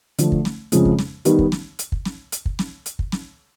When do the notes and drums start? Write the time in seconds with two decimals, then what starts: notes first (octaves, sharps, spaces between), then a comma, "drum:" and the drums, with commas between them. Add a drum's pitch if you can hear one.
0.18 D3 F3 A3, drum: hi-hat
0.32 drum: kick
0.45 drum: snare
0.72 F2 C#3 F3 G#3, drum: hi-hat
0.85 drum: kick
0.99 drum: snare
1.25 D#3 G3 B3 D#4, drum: hi-hat
1.39 drum: kick
1.52 drum: snare
1.79 drum: hi-hat
1.92 drum: kick
2.05 drum: snare
2.32 drum: hi-hat
2.46 drum: kick
2.59 drum: snare
2.86 drum: hi-hat
2.99 drum: kick
3.12 drum: snare